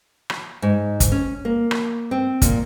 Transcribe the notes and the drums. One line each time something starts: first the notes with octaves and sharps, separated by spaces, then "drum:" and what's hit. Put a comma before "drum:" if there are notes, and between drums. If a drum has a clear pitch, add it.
drum: rim click
G#2
drum: kick, hi-hat
C#4
A#3
drum: rim click
C4
A#2, drum: kick, hi-hat